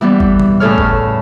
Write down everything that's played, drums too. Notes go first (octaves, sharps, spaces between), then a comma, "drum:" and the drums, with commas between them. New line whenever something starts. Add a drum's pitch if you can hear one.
E3 G3 B3
drum: kick G1
drum: tom B2
A2 C#3 A4 C#5 F6
drum: kick G1